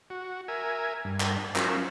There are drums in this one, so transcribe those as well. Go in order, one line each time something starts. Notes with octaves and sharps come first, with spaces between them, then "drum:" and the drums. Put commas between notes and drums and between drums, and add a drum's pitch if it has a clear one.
F#4
A#4 E5 G#5
G2
drum: clap
F#3 C#4 F4 A#4 E6, drum: clap